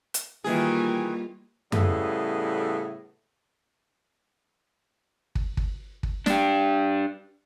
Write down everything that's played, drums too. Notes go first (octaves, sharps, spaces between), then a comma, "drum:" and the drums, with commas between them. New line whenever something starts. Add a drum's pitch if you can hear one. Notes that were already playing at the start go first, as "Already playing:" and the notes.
drum: hi-hat
D#3 E3 G3 A#3 F4 G#4
A2 C#3 G3 B3 G#4 A4, drum: tom F#2
drum: kick
drum: kick
drum: kick
D4 G4, drum: snare